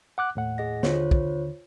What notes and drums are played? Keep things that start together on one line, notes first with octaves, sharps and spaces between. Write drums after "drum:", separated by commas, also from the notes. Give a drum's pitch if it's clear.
F#5 D6 F#6
D#2 A2 F#5
G#4 D#5 A#6
D#2 D3 F4 C5 C#5, drum: snare
drum: kick